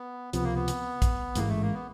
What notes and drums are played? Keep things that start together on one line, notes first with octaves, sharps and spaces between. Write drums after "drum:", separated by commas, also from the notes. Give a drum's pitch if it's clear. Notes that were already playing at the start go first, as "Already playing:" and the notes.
Already playing: B3
C#2 C3 F3 B3, drum: hi-hat
A#3
B3
drum: hi-hat
drum: kick A#1, hi-hat
A1 G#2 E3 G#3 A#3, drum: hi-hat
A3
A#3
B3